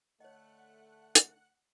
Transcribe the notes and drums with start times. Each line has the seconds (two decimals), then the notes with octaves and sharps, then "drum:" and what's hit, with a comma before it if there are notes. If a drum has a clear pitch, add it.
0.20 D3 A3 C#5 D#5 F#5 F#6
1.15 drum: hi-hat